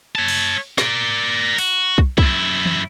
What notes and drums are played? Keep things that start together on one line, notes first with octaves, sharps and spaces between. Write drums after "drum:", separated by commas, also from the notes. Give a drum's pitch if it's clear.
C#5 A5
drum: cymbal
A#4 D5, drum: snare
F#4, drum: open hi-hat
drum: kick
F#2 E4, drum: kick
drum: tom E3